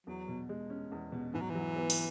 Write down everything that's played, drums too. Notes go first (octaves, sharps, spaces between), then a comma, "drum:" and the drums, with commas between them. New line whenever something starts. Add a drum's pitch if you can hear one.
E2 F#3
B2
G#3
C#4
E2
B2
G#2 E3
F#3
E3
F#3
B3
drum: open hi-hat